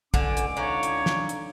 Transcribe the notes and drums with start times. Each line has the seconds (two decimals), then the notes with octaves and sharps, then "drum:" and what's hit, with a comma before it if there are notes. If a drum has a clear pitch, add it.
0.14 C#2 D3 C#4 G#5 D6, drum: kick
0.37 drum: hi-hat
0.57 D3 D#4 C#5 F5 A#5
0.83 drum: hi-hat
1.06 drum: snare
1.29 drum: hi-hat